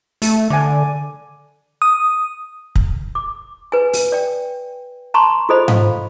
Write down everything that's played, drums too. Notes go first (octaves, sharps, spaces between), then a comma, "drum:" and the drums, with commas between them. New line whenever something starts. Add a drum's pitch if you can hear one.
A3, drum: open hi-hat
D3 D5 G#5
D#6
drum: kick
D6
B4 G#5
drum: open hi-hat
D5 G5
A5 A#5 C6 C#6
F4 A4 C5 D#5 B5
F5, drum: tom G#2